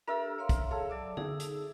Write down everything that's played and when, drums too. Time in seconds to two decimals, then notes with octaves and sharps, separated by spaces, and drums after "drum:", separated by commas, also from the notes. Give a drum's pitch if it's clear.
0.08 D4 G4 A4 A#4 E5
0.38 C#5 F5 C6
0.49 drum: kick, hi-hat
0.71 G#4 A4 C#5 F5
0.90 F#3 D5 D6
1.17 D#4 G#4, drum: tom D3
1.40 drum: hi-hat